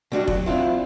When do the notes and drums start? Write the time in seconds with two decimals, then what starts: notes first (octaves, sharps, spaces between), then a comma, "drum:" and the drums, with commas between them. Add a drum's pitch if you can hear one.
0.12 B2 G3 D4 F#4
0.28 F#3, drum: kick F1
0.46 C4 D4 E4 F4